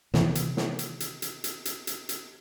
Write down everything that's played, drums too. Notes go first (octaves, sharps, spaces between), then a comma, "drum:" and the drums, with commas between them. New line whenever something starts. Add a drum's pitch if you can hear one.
C3 D#3 E3, drum: snare
drum: hi-hat
drum: snare
drum: hi-hat
drum: hi-hat
drum: hi-hat
drum: hi-hat
drum: hi-hat
drum: hi-hat
drum: hi-hat